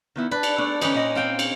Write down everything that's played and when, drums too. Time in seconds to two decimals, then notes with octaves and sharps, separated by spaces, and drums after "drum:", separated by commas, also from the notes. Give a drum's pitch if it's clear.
0.16 D#3 B3 E4
0.31 D4 B4
0.43 drum: cymbal
0.58 A3 D4
0.81 D3 E3 C#4 D#4 B4, drum: cymbal
0.94 A#2 D#5 F#5
1.15 C4 F5 G5
1.39 drum: cymbal